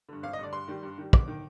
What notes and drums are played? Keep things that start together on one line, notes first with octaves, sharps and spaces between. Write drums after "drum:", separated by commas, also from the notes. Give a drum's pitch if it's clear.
G2 D3
G#1 F5
D#5
G2 D3 D5
G2 C6
D#3 G3
G2
D#3 G3
G1 D6, drum: kick
D#3